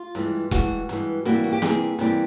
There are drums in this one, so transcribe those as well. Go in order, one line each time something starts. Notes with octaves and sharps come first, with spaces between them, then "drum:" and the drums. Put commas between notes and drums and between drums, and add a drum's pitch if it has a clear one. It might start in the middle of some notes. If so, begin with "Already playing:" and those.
Already playing: F4
G2 E3 G#3, drum: hi-hat
G2 E3 G#3 F#4, drum: kick E1, hi-hat
G2 E3 G#3, drum: hi-hat
C3 E3 G3 A#3 F#4, drum: hi-hat
F#4
G4
C3 E3 G3 A#3 G#4, drum: snare
C3 E3 G3 A#3, drum: hi-hat